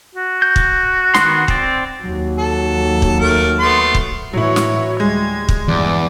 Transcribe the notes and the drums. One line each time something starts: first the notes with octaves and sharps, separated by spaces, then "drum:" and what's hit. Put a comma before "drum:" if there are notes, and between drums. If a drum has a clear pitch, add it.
F#4
G6
drum: kick
D#3 B3 C6, drum: snare
C4 D5, drum: kick
D#2 F#3
A4
drum: kick
A3 A#4
A3 B3 C6
drum: kick
A2 E3 F#3 E4 F#4 C#5
drum: snare
D2 G3 G#3 G#6
drum: kick
E2 G2 D5